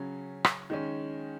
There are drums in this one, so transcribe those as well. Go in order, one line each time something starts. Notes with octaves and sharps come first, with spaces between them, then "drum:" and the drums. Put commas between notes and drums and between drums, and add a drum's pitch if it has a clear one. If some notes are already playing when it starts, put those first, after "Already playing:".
Already playing: C#3 F#3 C#4
drum: rim click
D#3 G#3 C#4